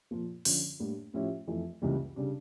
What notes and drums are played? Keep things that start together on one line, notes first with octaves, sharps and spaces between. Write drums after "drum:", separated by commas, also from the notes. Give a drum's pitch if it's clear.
A#2 F3 A#3
D3 F3 C#4 F4, drum: open hi-hat
A2 G3 A#3 D4
A2 F3 C#4 E4 G4
F2 E3 A3 E4
C#2 C#3 E3 G3 A#3
C#3 G3 D4